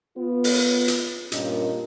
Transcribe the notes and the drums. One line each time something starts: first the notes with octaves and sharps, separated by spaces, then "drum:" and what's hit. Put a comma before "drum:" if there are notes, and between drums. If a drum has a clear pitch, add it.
B3 F4
drum: open hi-hat
drum: hi-hat
G2 A#2 A#3 C#4 A#4 D#5, drum: hi-hat